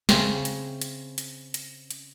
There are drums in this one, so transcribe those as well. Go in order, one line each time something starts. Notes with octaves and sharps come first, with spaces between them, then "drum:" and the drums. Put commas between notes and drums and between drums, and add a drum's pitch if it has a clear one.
C#3 C4 C#4 E5, drum: snare
drum: hi-hat
drum: hi-hat
drum: hi-hat
drum: hi-hat
drum: hi-hat